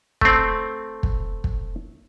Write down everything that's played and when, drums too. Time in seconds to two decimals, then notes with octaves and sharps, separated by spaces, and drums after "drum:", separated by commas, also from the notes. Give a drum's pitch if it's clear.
0.21 A3 C4, drum: kick
1.03 drum: kick
1.44 drum: kick